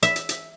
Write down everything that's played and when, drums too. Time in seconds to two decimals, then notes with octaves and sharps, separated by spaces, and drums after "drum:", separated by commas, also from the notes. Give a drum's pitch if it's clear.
0.03 E5, drum: hi-hat
0.16 drum: hi-hat
0.29 drum: hi-hat